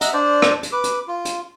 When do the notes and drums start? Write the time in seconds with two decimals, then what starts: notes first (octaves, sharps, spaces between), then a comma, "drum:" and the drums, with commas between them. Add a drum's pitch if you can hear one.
0.01 D#5 E5 F#5 A#5, drum: hi-hat
0.13 D4 C5 D5
0.42 drum: rim click
0.63 drum: hi-hat
0.72 B4 D6
0.84 drum: hi-hat
1.08 F4
1.25 drum: hi-hat